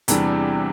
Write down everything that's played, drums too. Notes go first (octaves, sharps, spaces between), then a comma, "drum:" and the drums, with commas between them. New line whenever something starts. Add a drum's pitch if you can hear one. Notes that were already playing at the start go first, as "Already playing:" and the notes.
E2 C3 E3 G3 D4, drum: hi-hat